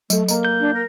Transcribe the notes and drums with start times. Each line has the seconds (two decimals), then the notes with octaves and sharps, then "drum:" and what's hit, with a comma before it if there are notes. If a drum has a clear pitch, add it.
0.10 F#3 A3 A4, drum: tambourine
0.28 A#3 D#5 A#5, drum: tambourine
0.45 G6
0.60 D4
0.74 A#4